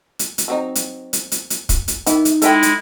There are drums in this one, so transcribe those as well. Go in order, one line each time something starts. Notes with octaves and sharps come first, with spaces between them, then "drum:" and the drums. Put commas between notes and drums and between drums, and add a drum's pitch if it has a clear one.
drum: hi-hat
drum: hi-hat
F#3 C4 D#4
drum: hi-hat
drum: hi-hat
drum: hi-hat
drum: hi-hat
drum: kick, hi-hat
drum: hi-hat
D#3 E3 D#4 E4, drum: hi-hat
drum: hi-hat
G#3 E4 A4 E5 G5, drum: hi-hat
drum: hi-hat